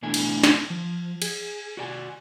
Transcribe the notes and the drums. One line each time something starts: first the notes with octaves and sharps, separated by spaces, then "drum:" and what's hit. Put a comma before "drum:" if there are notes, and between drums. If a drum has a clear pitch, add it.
E2 B2 A3 D4 E4 G#5
drum: cymbal
drum: snare
F3
G#4, drum: cymbal
F#4 D5 G#5